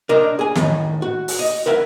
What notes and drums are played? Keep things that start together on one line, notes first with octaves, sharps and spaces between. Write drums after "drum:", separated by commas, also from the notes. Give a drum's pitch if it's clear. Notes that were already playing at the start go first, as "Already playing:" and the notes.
D4 A#4 D#5
G#4 G#5
D2 A2 D#3, drum: snare
F#4
drum: open hi-hat
D#5
A#4 B4 E5 F#5